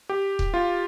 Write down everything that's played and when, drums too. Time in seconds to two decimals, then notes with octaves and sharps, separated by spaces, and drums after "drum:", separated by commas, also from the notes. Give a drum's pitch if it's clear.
0.09 G4
0.39 drum: kick C#1
0.54 F4